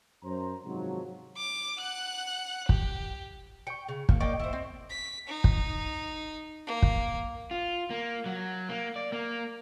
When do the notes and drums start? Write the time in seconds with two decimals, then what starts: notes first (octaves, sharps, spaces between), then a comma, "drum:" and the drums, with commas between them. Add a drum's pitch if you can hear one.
0.24 F#2 C5 A#5
0.64 G#2 C3 D#3 F3 F#3
1.38 D6
1.80 F#5 F#6
2.69 G4, drum: kick
3.67 G5 C#6 C#7
3.89 C#3
4.09 A#3, drum: kick
4.20 A#3 D5 D#5 G5 C#6 D7
4.40 E4 C5
4.53 C4
4.90 B6
5.28 D#4
5.44 drum: kick
6.67 A#3
6.82 drum: kick
7.51 F4
7.90 A#3
8.26 F#3
8.69 A#3
8.96 D5
9.12 A#3